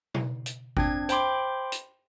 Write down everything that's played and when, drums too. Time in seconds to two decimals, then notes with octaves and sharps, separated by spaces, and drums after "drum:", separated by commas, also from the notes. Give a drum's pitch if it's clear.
0.14 drum: tom B2
0.46 drum: hi-hat
0.77 C4 D4 G#6, drum: kick G#1
1.09 C5 G5 B5 C6 D6, drum: hi-hat
1.72 drum: hi-hat